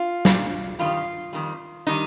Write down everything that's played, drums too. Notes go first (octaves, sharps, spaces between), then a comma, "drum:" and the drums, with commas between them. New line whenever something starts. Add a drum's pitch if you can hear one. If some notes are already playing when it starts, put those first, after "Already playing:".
Already playing: F4
A#2 G3, drum: snare
F2 D#3 G3 F4
F2 D#3 G3
D#3 G3 D#4